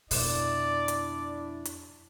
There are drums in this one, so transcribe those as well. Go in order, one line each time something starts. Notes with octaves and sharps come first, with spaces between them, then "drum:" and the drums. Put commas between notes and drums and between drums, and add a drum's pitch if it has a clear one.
F2 B2 D4 E4 D5, drum: open hi-hat
drum: hi-hat
drum: hi-hat